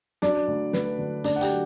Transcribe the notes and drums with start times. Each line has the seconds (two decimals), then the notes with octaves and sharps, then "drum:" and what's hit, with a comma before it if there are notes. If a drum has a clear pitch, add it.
0.22 F#3 D4 D5, drum: snare
0.48 D2
0.73 D2 B4, drum: snare
0.99 D3
1.24 D2 D4 D5, drum: hi-hat
1.36 F#5
1.41 G4 G5, drum: hi-hat
1.50 F#3